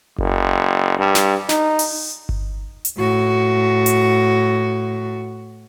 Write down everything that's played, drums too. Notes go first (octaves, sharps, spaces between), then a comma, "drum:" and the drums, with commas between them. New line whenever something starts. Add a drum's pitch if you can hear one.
F#1, drum: kick G1
G2
drum: snare
D#4, drum: snare
drum: open hi-hat
drum: kick G1
drum: hi-hat
A2 F#4
drum: hi-hat